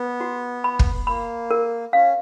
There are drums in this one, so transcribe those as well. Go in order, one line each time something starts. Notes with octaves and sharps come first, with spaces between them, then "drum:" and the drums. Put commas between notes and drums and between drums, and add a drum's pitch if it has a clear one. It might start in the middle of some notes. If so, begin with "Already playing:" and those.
Already playing: B3
F#4
B5
drum: kick
A#3 B5
A#4
C#4 F5